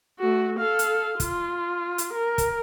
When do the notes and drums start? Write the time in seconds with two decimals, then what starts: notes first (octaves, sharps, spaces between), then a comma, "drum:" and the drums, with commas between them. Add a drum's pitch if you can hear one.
0.19 A3 F#4
0.59 A4 F5
0.79 drum: hi-hat
1.20 F4, drum: kick, hi-hat
1.98 drum: hi-hat
2.13 A#4
2.38 drum: kick, hi-hat